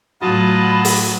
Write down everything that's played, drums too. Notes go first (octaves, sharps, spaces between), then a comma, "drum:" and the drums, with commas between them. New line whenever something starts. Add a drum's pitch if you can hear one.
A2 F#3 F4 F#4 D#5 A5 B5
drum: open hi-hat